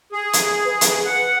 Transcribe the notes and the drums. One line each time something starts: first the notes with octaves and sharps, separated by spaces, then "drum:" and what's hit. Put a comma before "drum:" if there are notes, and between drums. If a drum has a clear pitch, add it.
G#4
drum: hi-hat
B4
drum: hi-hat
F#5